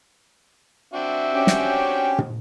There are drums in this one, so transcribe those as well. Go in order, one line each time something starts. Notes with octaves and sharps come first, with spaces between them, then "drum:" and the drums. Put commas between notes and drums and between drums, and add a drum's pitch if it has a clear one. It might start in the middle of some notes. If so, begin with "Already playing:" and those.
C4 D4 F#4 E5
C#4 G4 G5
drum: snare
drum: tom